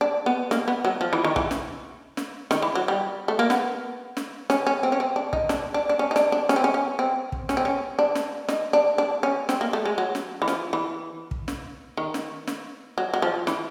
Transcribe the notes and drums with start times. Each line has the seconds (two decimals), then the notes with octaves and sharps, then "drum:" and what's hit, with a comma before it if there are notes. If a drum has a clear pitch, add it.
0.01 D4
0.26 B3
0.51 A#3, drum: snare
0.68 B3
0.85 F#3
1.01 F3
1.13 E3
1.24 D#3
1.36 E3, drum: kick
1.51 drum: snare
2.17 drum: snare
2.51 D#3, drum: snare
2.62 E3
2.75 F#3
2.88 G3
3.28 A3
3.39 A#3
3.50 B3, drum: snare
4.17 drum: snare
4.50 C#4, drum: snare
4.67 C#4
4.83 C4
4.92 C#4
5.00 C4
5.16 D4
5.33 D#4, drum: kick
5.49 D4, drum: snare
5.74 D4
5.89 D4
5.99 C#4
6.11 D#4
6.16 D4, drum: snare
6.32 D4
6.49 C#4, drum: snare
6.56 C4
6.64 C#4
6.74 C#4
6.99 C4
7.32 drum: kick
7.49 C#4, drum: snare
7.57 C4
7.65 C#4
7.99 D4
8.15 drum: snare
8.48 D#4, drum: snare
8.73 D4
8.98 D4
9.23 C#4
9.49 C4, drum: snare
9.61 A#3
9.73 A3
9.85 G#3
9.98 F#3
10.15 drum: snare
10.42 E3
10.48 F3, drum: snare
10.73 E3
11.31 drum: kick
11.48 drum: snare
11.97 D#3
12.14 drum: snare
12.47 drum: snare
12.98 F#3
13.14 F#3
13.22 F3
13.47 E3, drum: snare